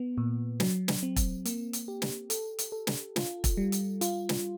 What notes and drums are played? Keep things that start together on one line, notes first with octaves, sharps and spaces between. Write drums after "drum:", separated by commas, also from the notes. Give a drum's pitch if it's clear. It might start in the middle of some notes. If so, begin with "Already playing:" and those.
Already playing: B3
A#2
F#3, drum: snare
drum: snare
C4
drum: kick E1, hi-hat
A#3, drum: hi-hat
drum: hi-hat
G4
drum: snare
A4, drum: hi-hat
drum: hi-hat
A4
drum: snare
F4, drum: snare
drum: kick E1, hi-hat
G3
drum: hi-hat
F4, drum: hi-hat
drum: snare